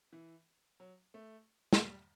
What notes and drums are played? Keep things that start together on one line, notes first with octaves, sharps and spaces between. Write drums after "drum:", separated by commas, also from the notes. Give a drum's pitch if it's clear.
E3
F#3
A3
drum: snare
G3